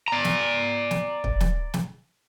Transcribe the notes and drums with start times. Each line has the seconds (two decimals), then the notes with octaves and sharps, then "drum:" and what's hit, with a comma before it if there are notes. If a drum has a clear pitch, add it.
0.08 D5 A#5
0.24 drum: snare
0.91 drum: snare
1.24 drum: kick
1.40 drum: snare
1.74 drum: snare